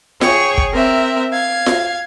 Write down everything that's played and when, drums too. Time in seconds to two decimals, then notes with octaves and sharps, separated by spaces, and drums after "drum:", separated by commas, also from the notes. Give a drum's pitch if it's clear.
0.21 G#4 C#5 G5 C#6, drum: snare F4
0.58 drum: kick
0.73 C4 A#4 E5
1.32 F5 G#6
1.66 drum: snare F4